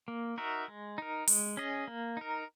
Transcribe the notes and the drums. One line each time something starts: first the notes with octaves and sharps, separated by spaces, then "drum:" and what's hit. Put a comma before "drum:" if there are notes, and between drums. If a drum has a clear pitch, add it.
A#3
D#4 F#4 A#4 E5
G#3
D#4 A#4
G#3, drum: open hi-hat
C#4 G#4 D#5
A#3
D#4 A#4